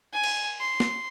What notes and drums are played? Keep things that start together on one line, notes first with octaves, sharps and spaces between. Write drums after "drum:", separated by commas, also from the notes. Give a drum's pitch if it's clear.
G#5
drum: cymbal
C6
drum: snare